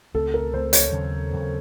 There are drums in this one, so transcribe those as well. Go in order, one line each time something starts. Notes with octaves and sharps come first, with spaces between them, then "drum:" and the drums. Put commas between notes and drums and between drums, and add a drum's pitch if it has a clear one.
C#2 C#3 A3 C4 A4
A#4
C#2 C#3 A3 C4 C5
C#5, drum: hi-hat
D#2 C#3 F#3 C4
D#2 C#3 F#3 C4